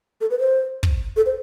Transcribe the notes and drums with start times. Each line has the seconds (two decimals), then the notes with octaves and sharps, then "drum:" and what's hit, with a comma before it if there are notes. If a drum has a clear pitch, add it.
0.21 A4
0.31 B4
0.39 C5
0.83 drum: kick
1.17 A4
1.26 C5